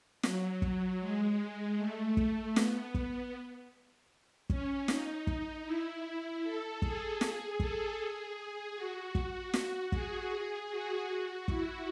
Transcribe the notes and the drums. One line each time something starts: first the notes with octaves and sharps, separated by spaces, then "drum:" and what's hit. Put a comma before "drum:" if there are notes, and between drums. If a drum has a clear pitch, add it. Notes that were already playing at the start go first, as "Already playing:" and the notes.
F#3, drum: snare
drum: kick
G#3
A3
drum: kick
B3, drum: snare
drum: kick
C#4, drum: kick
D#4, drum: snare
drum: kick
E4
A4
G#4, drum: kick
drum: snare
A4, drum: kick
G#4
F#4
drum: kick
drum: snare
G#4, drum: kick
F#4
F#4
E4, drum: kick